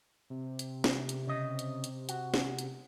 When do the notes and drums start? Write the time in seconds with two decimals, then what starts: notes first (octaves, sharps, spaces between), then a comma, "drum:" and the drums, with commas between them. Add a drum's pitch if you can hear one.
0.30 C3
0.59 drum: hi-hat
0.84 drum: snare
1.09 drum: hi-hat
1.27 C#3 D#5
1.59 drum: hi-hat
1.84 drum: hi-hat
2.09 F#4, drum: hi-hat
2.34 drum: snare
2.59 drum: hi-hat